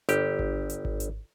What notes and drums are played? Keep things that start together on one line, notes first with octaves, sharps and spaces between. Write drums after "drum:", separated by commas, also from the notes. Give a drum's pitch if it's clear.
G1 G4, drum: hi-hat
drum: kick G#1
drum: hi-hat
drum: kick G#1
drum: hi-hat